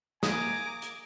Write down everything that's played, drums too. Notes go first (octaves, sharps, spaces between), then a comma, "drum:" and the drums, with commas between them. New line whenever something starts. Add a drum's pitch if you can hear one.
A#3 G#4 G#5 A#5 D6 D#6, drum: snare
drum: hi-hat